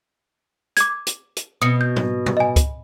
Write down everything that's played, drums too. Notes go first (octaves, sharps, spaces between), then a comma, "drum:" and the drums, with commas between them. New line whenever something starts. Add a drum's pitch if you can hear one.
D6 G#6, drum: hi-hat
drum: hi-hat
drum: hi-hat
B2 D#6 C#7
G6
drum: tom G#2
drum: tom A#2
D#5 G#5
drum: kick, hi-hat